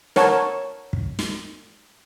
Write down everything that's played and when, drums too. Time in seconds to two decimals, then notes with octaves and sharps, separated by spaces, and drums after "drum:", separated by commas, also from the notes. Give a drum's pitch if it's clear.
0.16 A#4 C#5 F#5 A5, drum: snare
0.93 drum: kick
1.19 drum: snare